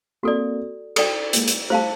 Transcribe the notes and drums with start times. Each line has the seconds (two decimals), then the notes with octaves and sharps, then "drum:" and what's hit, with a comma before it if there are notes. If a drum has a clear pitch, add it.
0.23 A#3 C4 F#4 A4 D5
0.96 A4 D5 G5, drum: cymbal
1.33 G#3 A#3, drum: hi-hat
1.48 drum: hi-hat
1.70 G3 A3 C5 F5 A5